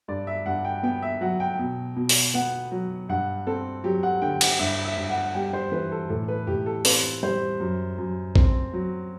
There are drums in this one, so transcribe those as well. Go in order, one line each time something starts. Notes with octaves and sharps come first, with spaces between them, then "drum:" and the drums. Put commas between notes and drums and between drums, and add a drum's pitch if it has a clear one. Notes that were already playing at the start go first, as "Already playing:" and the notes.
G2 D5
E5
G2 F#5
G5
B3 G5
E5
F#3 F#5
G5
B2
B2
drum: open hi-hat
B3 F#5
F#3
G2 F#5
C4 A4
F#3 G4
F#5
D3 G5
F#5, drum: cymbal
G2 E5
E5
G2
F#5
G3 G5
C5
E3 B4
A4
A2 A4
B4
A2 G4
A4
C4 B4, drum: open hi-hat
G3 C5
F#2
F#2
C4, drum: kick
F#3